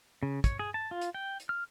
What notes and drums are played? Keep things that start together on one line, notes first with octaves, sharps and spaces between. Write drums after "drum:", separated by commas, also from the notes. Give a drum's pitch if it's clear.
C#3
C#5, drum: kick, hi-hat
G#4
A5
F4
drum: hi-hat
G5
drum: hi-hat
F6